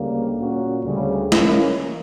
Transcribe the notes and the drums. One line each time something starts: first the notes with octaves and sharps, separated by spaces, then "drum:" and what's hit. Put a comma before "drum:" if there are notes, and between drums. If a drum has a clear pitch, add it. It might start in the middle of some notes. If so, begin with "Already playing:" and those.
Already playing: D2 C#3 G3 A#3
A#2 A#3 C#4 F#4
D2 C#3 G3
E3 A#3 C#4, drum: snare